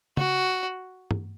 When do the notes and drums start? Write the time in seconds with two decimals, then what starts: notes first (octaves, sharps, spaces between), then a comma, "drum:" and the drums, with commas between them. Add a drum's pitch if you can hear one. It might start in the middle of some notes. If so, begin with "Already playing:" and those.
0.17 F#4, drum: tom
1.11 drum: tom G2